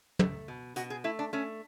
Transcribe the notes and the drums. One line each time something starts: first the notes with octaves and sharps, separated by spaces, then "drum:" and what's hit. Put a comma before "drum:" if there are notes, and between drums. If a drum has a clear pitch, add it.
A3, drum: tom
B2
B2 F#4, drum: hi-hat
G#4
A3 E4
D4
A3 C#4